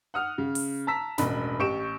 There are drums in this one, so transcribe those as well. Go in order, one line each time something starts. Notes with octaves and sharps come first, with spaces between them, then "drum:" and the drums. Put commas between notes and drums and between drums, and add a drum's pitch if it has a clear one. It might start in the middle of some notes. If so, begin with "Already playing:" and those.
F#5 D#6 F6
C#3
drum: open hi-hat
A5 A#5 E6 B6
E1 A1 B5, drum: snare
A1 G4 C#6 D7 E7